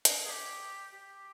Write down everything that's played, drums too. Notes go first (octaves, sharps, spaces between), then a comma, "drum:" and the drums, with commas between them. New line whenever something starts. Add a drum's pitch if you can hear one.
drum: hi-hat
G#4
G4
G4